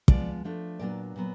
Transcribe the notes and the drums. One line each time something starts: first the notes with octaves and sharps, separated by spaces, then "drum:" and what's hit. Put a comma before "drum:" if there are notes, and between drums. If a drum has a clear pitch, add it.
F3 G#3 B3 D5, drum: kick
F3 A3 D4
A#2 F#3 B3 D4 D5
A#2 F#3 B3